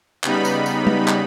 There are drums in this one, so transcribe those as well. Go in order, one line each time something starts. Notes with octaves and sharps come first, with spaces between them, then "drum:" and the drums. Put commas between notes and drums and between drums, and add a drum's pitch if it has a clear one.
C#3 G3 B3 D#4 B5, drum: clap
drum: tambourine
drum: tambourine
drum: tom
drum: clap